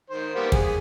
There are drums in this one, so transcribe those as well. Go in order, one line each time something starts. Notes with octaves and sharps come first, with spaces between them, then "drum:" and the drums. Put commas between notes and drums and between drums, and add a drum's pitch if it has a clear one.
D#3 C5
G3 A#3 B3
G#4, drum: kick